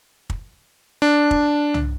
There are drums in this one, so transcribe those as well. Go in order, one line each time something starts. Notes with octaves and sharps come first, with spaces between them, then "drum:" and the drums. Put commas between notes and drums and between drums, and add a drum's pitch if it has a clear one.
drum: kick
D4
drum: kick
drum: tom